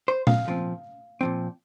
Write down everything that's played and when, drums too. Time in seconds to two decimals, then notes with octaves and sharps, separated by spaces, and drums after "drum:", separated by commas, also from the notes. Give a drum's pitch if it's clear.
0.08 C5
0.27 F5, drum: tom A#2
0.46 A#2 F3 C4
1.21 A#2 F3 C4